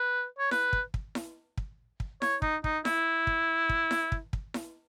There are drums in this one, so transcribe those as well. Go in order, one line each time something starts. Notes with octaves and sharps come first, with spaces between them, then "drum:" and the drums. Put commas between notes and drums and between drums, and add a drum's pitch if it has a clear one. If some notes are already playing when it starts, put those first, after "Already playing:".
Already playing: B4
C#5
B4, drum: snare E4
drum: kick
drum: kick
drum: snare E4
drum: kick
drum: kick
C#5, drum: snare E4
D#4, drum: kick
D#4, drum: kick
E4, drum: snare E4
drum: kick
drum: kick
drum: snare E4
drum: kick
drum: kick
drum: snare E4